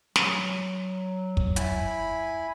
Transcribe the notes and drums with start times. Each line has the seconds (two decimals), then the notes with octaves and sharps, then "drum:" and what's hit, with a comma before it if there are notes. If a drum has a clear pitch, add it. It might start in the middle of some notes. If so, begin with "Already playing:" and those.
0.16 F#3, drum: snare
1.37 drum: kick
1.56 E4 G#5 B5, drum: hi-hat